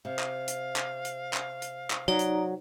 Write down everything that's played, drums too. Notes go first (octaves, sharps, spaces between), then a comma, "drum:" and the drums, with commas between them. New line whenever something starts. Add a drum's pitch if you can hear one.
C3 F5
drum: clap
drum: hi-hat
drum: clap
drum: hi-hat
drum: clap
drum: hi-hat
drum: clap
F#3 D#4 D5 A#5
drum: hi-hat